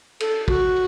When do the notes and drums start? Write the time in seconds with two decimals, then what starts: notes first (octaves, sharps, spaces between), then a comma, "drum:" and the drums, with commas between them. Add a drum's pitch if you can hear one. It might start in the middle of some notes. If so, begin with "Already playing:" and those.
0.20 A4, drum: cymbal
0.48 F#4, drum: kick